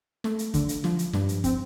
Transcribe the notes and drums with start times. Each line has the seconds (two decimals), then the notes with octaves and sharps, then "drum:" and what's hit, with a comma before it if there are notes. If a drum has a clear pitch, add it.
0.24 A3, drum: snare
0.39 drum: hi-hat
0.54 D3, drum: kick, hi-hat
0.69 drum: hi-hat
0.84 F3, drum: snare
0.99 drum: hi-hat
1.13 G2, drum: snare
1.29 drum: hi-hat
1.44 C4, drum: kick, hi-hat